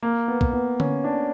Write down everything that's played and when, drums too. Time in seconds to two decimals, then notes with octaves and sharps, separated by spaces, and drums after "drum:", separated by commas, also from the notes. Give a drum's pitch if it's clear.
0.03 A#3
0.28 B3
0.41 drum: kick
0.53 B3
0.80 C#4, drum: tom D3
1.04 D4